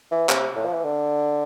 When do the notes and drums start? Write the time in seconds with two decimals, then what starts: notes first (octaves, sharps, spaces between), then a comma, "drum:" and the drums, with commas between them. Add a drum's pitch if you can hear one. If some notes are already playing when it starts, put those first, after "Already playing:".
0.11 E3
0.29 C3, drum: clap
0.56 A2
0.66 F3
0.74 E3
0.84 D3